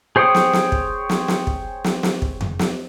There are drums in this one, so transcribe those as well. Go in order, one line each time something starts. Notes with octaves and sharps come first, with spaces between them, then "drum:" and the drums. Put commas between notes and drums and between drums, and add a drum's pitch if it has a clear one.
G#4 C5 C#5 G5 D#6
drum: snare
drum: snare
drum: kick
drum: snare
drum: snare
drum: kick
drum: snare
drum: snare
drum: kick
drum: tom F2
drum: snare